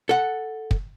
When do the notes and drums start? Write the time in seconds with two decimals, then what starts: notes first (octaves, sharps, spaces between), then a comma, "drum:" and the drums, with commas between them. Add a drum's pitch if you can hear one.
0.09 A4 F#5
0.71 drum: kick